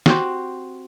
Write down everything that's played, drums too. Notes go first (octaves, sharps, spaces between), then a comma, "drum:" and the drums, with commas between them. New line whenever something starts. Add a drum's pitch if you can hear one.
C4 F#4 G4 C5, drum: snare